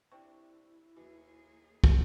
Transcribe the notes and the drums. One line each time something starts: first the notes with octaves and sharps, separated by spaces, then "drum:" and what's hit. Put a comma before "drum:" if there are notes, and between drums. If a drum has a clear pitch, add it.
C3 C4 D4 E4 G5 C#6
D#2 E3 F#4 G#4
drum: kick